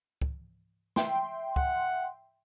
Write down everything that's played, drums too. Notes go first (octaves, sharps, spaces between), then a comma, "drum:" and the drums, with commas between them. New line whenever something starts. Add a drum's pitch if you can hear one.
drum: kick
E5 G5 C6, drum: snare
F#5, drum: kick